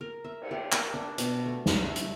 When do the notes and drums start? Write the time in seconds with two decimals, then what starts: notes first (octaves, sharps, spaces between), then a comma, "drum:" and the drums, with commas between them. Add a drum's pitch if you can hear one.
0.01 A#4
0.24 E5
0.41 drum: cymbal
0.51 G4
0.72 A#4, drum: clap
0.94 D4
1.18 B2, drum: hi-hat
1.46 A3
1.66 drum: snare
1.86 E5
1.96 drum: hi-hat